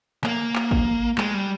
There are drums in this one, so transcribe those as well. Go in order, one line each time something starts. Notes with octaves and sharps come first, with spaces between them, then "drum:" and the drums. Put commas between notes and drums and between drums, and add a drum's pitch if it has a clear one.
A#3, drum: clap
drum: clap
drum: kick
G#3, drum: clap
G3